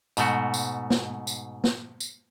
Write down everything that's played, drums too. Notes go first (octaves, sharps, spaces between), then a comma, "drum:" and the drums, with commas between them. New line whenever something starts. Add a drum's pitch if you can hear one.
G#2 B2 A3 F#4, drum: tambourine
drum: tambourine
drum: snare
drum: tambourine
drum: snare
drum: tambourine